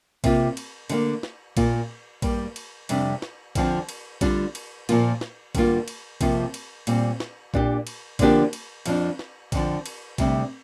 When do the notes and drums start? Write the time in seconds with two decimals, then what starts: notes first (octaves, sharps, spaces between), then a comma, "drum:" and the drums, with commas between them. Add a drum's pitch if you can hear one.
0.24 C3 A#3 F4, drum: kick A#1, cymbal
0.57 drum: cymbal
0.90 D3 G3 A#3, drum: cymbal
1.23 drum: snare
1.57 A#2 A#3 F4, drum: kick A#1, cymbal
2.22 G2 G3 A#3, drum: kick A#1, cymbal
2.56 drum: cymbal
2.89 F2 C3 G3 D4, drum: cymbal
3.22 drum: snare
3.55 F2 D3 F3 C4 F4, drum: kick A#1, cymbal
3.89 drum: cymbal
4.21 D3 G3 D4 F4, drum: kick A#1, cymbal
4.55 drum: cymbal
4.89 A#2 F3 A#3 F4, drum: cymbal
5.21 drum: snare
5.55 G2 D3 A#3 F4, drum: kick A#1, cymbal
5.88 drum: cymbal
6.21 F2 C3 F3 A#3 F4, drum: kick A#1, cymbal
6.54 drum: cymbal
6.87 A#2 G3 C4, drum: cymbal
7.20 drum: snare
7.54 A#2 A#3 D4 G4, drum: kick A#1
7.87 drum: cymbal
8.19 D3 F3 A#3 D4 G4, drum: kick A#1, cymbal
8.53 drum: cymbal
8.86 F2 F3 D4, drum: cymbal
9.19 drum: snare
9.52 F2 D3 F3, drum: kick A#1, cymbal
9.86 drum: cymbal
10.18 D2 C3 G3 D4, drum: kick A#1, cymbal